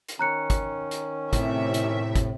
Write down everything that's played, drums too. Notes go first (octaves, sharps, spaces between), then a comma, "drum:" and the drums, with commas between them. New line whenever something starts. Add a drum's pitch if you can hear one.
drum: hi-hat
D#3 C#4 A#5 F#6 C#7
drum: kick, hi-hat
drum: hi-hat
A2 C3 E5, drum: kick, hi-hat
drum: hi-hat
drum: kick, hi-hat